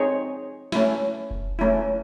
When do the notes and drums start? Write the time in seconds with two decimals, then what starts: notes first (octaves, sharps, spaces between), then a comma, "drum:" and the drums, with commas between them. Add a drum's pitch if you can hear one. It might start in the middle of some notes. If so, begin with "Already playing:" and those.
Already playing: C4 D#4 G#4 C#5
0.72 A3 C#4 E4, drum: snare
1.31 drum: kick F1
1.59 A3 C#4 E4